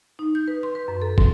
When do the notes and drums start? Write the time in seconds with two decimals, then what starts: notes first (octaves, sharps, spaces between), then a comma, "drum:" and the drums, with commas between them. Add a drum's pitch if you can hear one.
0.19 D#4
0.35 G6
0.48 B4
0.63 C6
0.75 B4
0.88 F#2
1.02 A4
1.18 C6, drum: kick